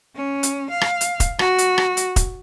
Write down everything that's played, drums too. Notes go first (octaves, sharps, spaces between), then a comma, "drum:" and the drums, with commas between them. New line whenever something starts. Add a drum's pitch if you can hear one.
C#4
drum: hi-hat
F5
drum: rim click
drum: hi-hat
drum: kick E1, hi-hat
F#4, drum: rim click
drum: hi-hat
drum: rim click
drum: hi-hat
drum: kick E1, hi-hat